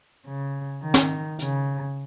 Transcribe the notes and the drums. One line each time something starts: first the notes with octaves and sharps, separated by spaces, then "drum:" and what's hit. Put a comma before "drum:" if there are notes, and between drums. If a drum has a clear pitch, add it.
C#3
D#3
drum: snare
C#3, drum: hi-hat